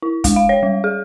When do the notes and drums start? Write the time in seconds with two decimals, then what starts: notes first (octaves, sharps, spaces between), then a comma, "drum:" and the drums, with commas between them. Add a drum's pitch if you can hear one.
0.02 E4
0.24 G#3, drum: kick, hi-hat
0.36 F5
0.49 C#5
0.63 G3
0.84 G#4